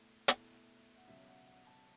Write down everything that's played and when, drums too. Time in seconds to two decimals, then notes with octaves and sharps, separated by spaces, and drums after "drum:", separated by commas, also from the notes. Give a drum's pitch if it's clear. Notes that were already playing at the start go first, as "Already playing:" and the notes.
Already playing: B2 A3 E4
0.28 B2 A3 E4, drum: hi-hat
0.96 F#5
1.07 C#2 B2 F#3 E5
1.28 F#5
1.46 F#5
1.67 A5